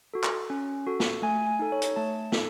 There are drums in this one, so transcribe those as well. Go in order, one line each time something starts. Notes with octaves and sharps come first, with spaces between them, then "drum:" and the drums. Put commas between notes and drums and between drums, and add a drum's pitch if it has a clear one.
F#4 A4
drum: clap
C#4
F#4 A4
drum: snare
A3 G#5
G#5
D#4 A4
C#5
drum: hi-hat
A3 A5
D#4 A4, drum: snare